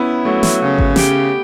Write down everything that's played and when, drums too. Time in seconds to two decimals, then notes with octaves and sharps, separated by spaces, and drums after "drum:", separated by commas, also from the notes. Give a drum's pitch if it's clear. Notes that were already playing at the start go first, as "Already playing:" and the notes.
Already playing: B3 C#4 E4
0.25 F#3 A3
0.43 drum: snare
0.60 C#3
0.78 drum: kick G#1
0.96 G4, drum: snare